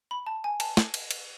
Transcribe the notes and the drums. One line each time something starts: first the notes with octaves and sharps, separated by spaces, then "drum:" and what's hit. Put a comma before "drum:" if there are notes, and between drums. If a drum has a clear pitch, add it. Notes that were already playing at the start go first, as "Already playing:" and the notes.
B5
A5
G#5
A5, drum: cymbal
drum: snare
drum: cymbal
drum: cymbal